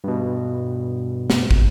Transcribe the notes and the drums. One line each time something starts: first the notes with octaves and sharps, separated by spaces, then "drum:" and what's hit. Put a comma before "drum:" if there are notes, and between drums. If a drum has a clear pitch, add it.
G2 B2
drum: snare
drum: kick